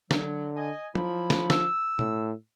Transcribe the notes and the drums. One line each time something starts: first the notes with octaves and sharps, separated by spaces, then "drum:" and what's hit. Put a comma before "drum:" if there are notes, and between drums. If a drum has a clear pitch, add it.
D3 F#3, drum: snare
D#5 G#5
F3 F#3 E4 B5, drum: tom
drum: snare
E6, drum: snare
A2, drum: tom